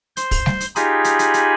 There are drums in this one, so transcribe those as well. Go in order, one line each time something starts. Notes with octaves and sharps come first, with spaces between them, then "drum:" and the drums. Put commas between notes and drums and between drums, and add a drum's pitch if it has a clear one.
C5 C6, drum: hi-hat
drum: kick, open hi-hat
drum: snare G3
drum: hi-hat
D#4 F4 G4 G#4 G#5 B5, drum: hi-hat
drum: hi-hat
drum: hi-hat
drum: hi-hat